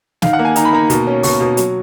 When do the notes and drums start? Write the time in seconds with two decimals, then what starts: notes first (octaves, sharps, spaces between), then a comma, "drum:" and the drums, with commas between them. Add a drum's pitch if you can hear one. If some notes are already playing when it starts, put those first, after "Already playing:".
0.22 D#3 F5, drum: snare
0.33 F#5
0.39 A#3
0.45 G#5
0.56 D#4 A#5, drum: hi-hat
0.65 B5
0.73 A#3 A#5
0.90 B2, drum: hi-hat
1.07 C#4
1.23 B2 C#6, drum: open hi-hat
1.40 B2
1.57 F#3, drum: hi-hat